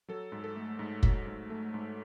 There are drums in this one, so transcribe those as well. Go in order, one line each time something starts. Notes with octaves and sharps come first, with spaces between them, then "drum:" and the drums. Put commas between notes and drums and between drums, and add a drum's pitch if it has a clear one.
F#3 A4
G#2
A4
A3
G#2
F#3, drum: kick
G#2
A3
G#2